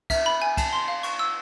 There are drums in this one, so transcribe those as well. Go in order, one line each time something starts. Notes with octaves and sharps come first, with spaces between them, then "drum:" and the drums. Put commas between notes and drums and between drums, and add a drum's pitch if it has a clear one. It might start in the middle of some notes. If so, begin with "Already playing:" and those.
E5, drum: kick, cymbal
B5
G#5
A5, drum: kick, cymbal
C6
F5
C#6, drum: cymbal
E6